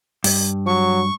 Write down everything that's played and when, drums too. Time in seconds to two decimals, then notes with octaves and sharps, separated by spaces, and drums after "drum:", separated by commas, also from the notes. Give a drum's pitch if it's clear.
0.24 G2, drum: open hi-hat
0.66 F#3 C#6